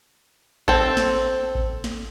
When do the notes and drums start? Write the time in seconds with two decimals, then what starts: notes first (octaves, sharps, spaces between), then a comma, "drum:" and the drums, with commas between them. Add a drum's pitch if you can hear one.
0.68 C4 A4, drum: kick A1
0.97 drum: snare
1.55 drum: kick A1
1.84 drum: snare